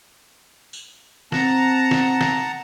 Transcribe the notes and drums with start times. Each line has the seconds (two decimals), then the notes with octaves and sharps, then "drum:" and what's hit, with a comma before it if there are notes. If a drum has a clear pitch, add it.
0.73 drum: tambourine
1.32 C4 F#5 A5 A#5, drum: snare
1.91 drum: snare
2.21 drum: snare